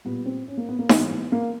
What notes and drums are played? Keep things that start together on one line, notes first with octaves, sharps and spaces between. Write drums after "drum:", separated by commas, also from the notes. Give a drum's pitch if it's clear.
A#2 G3 B3
C4
C#4
A#3
B3
A#3
G#2 E3 G3 B3, drum: snare D#4
B3
A#3